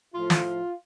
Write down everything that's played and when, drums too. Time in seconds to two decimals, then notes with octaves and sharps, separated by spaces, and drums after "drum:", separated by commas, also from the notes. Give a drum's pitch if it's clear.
0.14 A2 F3 A3 F4
0.30 drum: snare